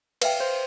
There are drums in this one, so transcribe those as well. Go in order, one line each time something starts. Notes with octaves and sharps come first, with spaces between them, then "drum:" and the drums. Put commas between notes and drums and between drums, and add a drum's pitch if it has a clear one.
B4 E5 F5 G5, drum: cymbal
C5